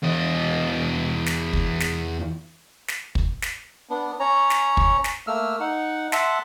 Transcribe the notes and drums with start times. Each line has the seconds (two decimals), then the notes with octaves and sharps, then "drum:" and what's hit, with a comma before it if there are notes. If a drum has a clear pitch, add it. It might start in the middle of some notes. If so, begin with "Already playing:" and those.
0.02 E2 D#5
1.26 drum: snare
1.53 drum: kick
1.80 drum: snare
2.88 drum: snare
3.15 drum: kick
3.42 drum: snare
3.89 B3 D4
4.20 C#4 C#5 A#5
4.50 drum: snare
4.77 drum: kick
5.04 drum: snare
5.27 A3 A#3 E6 F6
5.60 D#4 F#5
6.12 E5 F#5 A5 C6, drum: snare